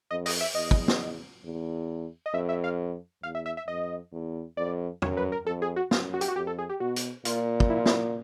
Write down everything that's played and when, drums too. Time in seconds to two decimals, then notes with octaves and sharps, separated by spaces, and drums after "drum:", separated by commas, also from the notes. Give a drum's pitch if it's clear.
0.11 F2 D#5
0.26 D#5, drum: open hi-hat
0.41 E5
0.55 E2 D#5
0.71 drum: kick
0.88 drum: snare
1.44 E2
2.26 D#5
2.34 F2 E5
2.49 E5
2.64 F5
3.23 E2 F5
3.35 E5
3.46 E5
3.57 E5
3.68 F2 D#5
4.13 E2
4.57 F2 D5
5.02 F#2 C#5, drum: tom
5.17 B4
5.32 A#4
5.46 F2 A4
5.62 G#4
5.76 F#4
5.91 F#2 F4, drum: snare
6.14 F#4
6.21 G4, drum: hi-hat
6.28 F#4
6.36 F2 G4
6.47 A4
6.59 G#4
6.70 G4
6.80 B2 F#4
6.96 drum: hi-hat
7.25 A#2 F4, drum: hi-hat
7.60 drum: kick
7.70 E4
7.78 F4
7.86 E4, drum: snare